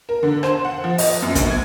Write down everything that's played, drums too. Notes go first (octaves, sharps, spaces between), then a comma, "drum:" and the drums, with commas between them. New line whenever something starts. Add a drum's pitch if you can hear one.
A#4
D3
C5, drum: rim click
F#5
F3
D#5, drum: open hi-hat
F#2
D2, drum: kick A1, hi-hat
G#6